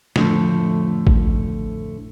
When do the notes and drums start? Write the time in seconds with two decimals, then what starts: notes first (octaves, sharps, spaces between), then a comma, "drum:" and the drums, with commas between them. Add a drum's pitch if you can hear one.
0.16 F2 A2 D3 F3 A3, drum: snare
1.07 drum: kick A1